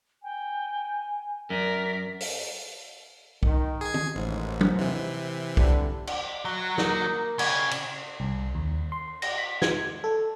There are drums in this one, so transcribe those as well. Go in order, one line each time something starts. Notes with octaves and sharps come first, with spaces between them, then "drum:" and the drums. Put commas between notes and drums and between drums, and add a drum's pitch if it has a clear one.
G5 G#5
F#2 A#4 D5 B6
drum: open hi-hat
D#3, drum: kick B1
G#4 G#6
drum: tom
A1 D#2 G#2
drum: tom F#3
C3 E3
D3 G3, drum: kick B1
drum: cymbal
F#3 F#4
A#3 D#4, drum: snare
C#3 G#5, drum: cymbal
drum: cymbal
C2
D#2
C6
A#6, drum: cymbal
B6
G#6, drum: snare
A4